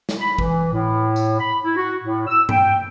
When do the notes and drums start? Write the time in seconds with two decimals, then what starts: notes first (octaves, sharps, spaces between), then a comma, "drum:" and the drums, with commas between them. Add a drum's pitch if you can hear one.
0.09 drum: snare
0.20 B5
0.38 E3, drum: kick G#1
0.73 A2
1.16 drum: tambourine
1.40 B5
1.63 E4
1.77 F#4
2.03 A2
2.27 E6
2.49 G5, drum: tom G2